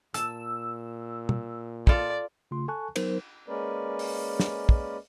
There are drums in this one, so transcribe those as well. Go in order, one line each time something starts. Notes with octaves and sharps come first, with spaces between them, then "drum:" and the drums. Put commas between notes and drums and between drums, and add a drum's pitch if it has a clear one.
A#2 A5 E6, drum: hi-hat
drum: tom
F4 A4 D5, drum: kick
C#3 A3 F4 C6
A4 G#5 A5 C#6 F#6
F#3 B3 D#4 A#4 C5, drum: cymbal
G#3 A#3 C#4 A#4 B4 D5
drum: open hi-hat
drum: snare
drum: kick